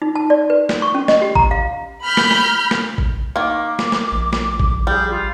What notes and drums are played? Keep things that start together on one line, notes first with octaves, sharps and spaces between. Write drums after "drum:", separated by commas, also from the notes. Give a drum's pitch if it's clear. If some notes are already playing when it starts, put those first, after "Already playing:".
D#4
A5
D5
B4
drum: snare
C#6
C#4
D#5, drum: snare
G4
A#5, drum: kick A1
F5
B5 F6 G6
drum: snare
drum: snare
drum: snare
drum: kick A1
D#3 A#3 D6
drum: snare
drum: snare
A#1
drum: snare
drum: kick A1
G3 G#4 G6
F4